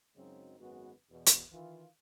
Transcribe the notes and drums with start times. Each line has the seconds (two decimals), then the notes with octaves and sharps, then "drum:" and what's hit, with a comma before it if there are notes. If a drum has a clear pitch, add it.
0.16 F#2 C#3 F#3 G#3 C4 D#4
0.59 G#1 F#2 G#3 B3 F#4 B4
1.10 E2 B2
1.26 drum: hi-hat
1.51 D#3 E3 F4